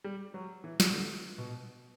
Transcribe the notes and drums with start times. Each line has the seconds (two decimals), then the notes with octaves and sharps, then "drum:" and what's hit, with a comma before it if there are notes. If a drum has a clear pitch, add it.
0.04 G3
0.34 F#3
0.64 E3
0.80 drum: snare
0.93 D3
1.38 B2